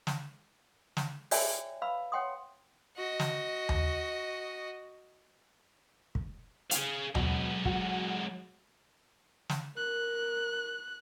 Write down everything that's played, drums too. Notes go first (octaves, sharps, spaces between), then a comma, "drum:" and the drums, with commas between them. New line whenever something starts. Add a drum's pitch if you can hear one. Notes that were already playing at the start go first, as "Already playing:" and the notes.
drum: snare
drum: snare
F#4 C#5 D5 E5 G5 G#5, drum: open hi-hat
B4 F5 B5 E6
C#5 F#5 G5 C6 D#6
F#4 D#5
drum: snare
drum: tom D#2
drum: kick
G#4 F5, drum: hi-hat
B2 F#3 G#3, drum: tom D#2
F#4, drum: kick
drum: snare
A#4 F#6